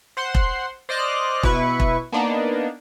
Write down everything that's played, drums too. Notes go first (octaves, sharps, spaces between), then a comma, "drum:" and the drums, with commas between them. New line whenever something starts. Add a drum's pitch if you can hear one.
C5 F#5 C6
drum: kick E1
C5 D5 D#5 F6 F#6
B2 E4 B4 C#6, drum: kick E1
drum: kick E1
A#3 B3 D4 D#4